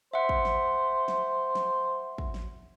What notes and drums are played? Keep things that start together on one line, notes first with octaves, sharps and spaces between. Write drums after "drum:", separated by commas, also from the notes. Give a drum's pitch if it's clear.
C5 E5 F#5
drum: kick
drum: snare
drum: snare
drum: snare
drum: kick
drum: snare